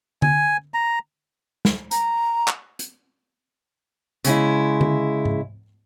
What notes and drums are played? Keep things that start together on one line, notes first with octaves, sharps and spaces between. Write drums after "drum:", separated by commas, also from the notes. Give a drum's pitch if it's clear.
G#5, drum: tom D3
A#5
drum: snare
A#5, drum: hi-hat
drum: clap
drum: hi-hat
C#3 G#3 E4, drum: hi-hat
drum: tom D3
drum: tom G#2